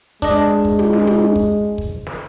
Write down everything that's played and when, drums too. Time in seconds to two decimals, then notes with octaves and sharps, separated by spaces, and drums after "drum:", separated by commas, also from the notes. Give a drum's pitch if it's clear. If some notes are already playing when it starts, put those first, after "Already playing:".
0.22 G#3 D4 D#5, drum: kick
0.65 drum: kick
0.79 drum: tom
0.93 drum: snare
1.07 drum: tom
1.36 drum: kick
1.78 drum: kick
2.07 drum: snare